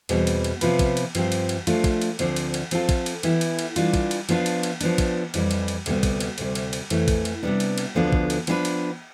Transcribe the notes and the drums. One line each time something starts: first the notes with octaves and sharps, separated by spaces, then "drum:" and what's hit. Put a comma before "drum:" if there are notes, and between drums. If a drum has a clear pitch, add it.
E2 B2 G3 C4, drum: cymbal
drum: cymbal
drum: cymbal
C3 F3 B3 F4 B4, drum: cymbal
drum: kick, cymbal
drum: cymbal
G2 F3 C4 G4, drum: cymbal
drum: cymbal
drum: cymbal
F3 A3 D4 F4, drum: cymbal
drum: kick, cymbal
drum: cymbal
D2 D3 F3 C4, drum: cymbal
drum: cymbal
drum: cymbal
F3 C4 F4 A4, drum: cymbal
drum: kick, cymbal
drum: cymbal
E3 B3 E4 G4, drum: cymbal
drum: cymbal
drum: cymbal
E3 G3 D4 F4, drum: cymbal
drum: kick, cymbal
drum: cymbal
F3 B3 D4 F4, drum: cymbal
drum: cymbal
drum: cymbal
F3 B3 D4, drum: cymbal
drum: kick, cymbal
F2 E3 G3, drum: cymbal
drum: cymbal
drum: cymbal
D2 C3 G3 B3, drum: cymbal
drum: kick, cymbal
drum: cymbal
D2 C3 G3, drum: cymbal
drum: cymbal
drum: cymbal
F2 E3 A3, drum: cymbal
drum: kick, cymbal
drum: cymbal
C3 G3 B3 D4
drum: cymbal
drum: cymbal
D2 D3 F3 B3 D4
drum: kick
drum: cymbal
F3 B3 D4 G4 B4, drum: cymbal
drum: cymbal